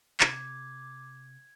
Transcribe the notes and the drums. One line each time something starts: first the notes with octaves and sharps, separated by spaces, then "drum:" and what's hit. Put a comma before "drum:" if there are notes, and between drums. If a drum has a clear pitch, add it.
C3 D6 G#6, drum: clap